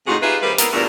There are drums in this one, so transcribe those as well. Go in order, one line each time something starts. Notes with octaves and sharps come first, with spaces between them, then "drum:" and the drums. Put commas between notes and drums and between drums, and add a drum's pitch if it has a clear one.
A2 C3 D#4 F4 F#4 G#4
D#4 F4 G4 G#4 B4 E5
D#3 G3 C4 G4 A#4 B4
A#3 B3 E4 A#4, drum: hi-hat
E2 G2 A#2 A3 A#4